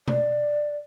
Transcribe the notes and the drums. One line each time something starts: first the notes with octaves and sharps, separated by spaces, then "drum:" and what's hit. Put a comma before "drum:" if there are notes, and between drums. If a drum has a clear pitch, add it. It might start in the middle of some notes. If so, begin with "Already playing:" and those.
D5, drum: tom